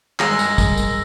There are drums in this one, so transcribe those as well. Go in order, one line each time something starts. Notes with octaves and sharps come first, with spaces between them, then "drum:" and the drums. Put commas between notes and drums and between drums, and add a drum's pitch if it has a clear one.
G2 G#3 A#4 E6 A#6, drum: clap
drum: tambourine
drum: kick, tambourine
drum: tambourine